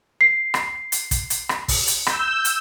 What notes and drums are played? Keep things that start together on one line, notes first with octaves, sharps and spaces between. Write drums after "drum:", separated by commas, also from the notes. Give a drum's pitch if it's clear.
C7
drum: rim click
drum: hi-hat
drum: kick, hi-hat
drum: hi-hat
drum: rim click
drum: kick, open hi-hat
drum: hi-hat
E6 G6, drum: rim click
drum: hi-hat